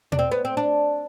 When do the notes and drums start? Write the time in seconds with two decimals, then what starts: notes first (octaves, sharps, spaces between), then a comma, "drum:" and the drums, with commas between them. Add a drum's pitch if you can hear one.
0.12 D4, drum: tom B2
0.19 C4
0.32 B3
0.45 C4
0.57 D4